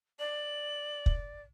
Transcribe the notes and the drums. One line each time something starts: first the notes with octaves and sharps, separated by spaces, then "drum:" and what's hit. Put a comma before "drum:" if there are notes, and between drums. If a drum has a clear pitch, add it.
D5 F#7
drum: kick